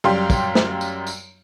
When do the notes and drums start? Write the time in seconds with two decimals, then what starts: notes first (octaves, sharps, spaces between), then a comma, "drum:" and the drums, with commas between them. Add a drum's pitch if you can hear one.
0.04 F#2 G3 F5 G5 C6
0.30 drum: kick, tambourine
0.55 drum: snare
0.81 drum: tambourine
1.07 drum: tambourine